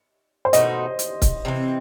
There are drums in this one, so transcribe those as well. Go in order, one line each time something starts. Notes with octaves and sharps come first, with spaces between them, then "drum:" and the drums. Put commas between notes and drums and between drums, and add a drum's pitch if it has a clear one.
C5
B2 A3 D#4 F#4 D#5, drum: hi-hat
drum: hi-hat
drum: kick C#1, hi-hat
C3 E3 A3 C4